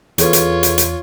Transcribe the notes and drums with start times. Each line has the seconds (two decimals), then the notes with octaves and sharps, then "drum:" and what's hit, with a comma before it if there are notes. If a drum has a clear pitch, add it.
0.18 E2 F4 G#4 A4 B4 C#5, drum: hi-hat
0.33 drum: hi-hat
0.63 drum: hi-hat
0.78 drum: hi-hat